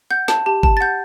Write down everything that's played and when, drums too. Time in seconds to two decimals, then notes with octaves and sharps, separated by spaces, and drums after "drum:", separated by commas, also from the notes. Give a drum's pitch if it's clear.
0.11 F#5 G6
0.28 A5, drum: snare
0.46 G4 A5
0.63 A5, drum: kick G1
0.77 A6
0.81 F#5 G6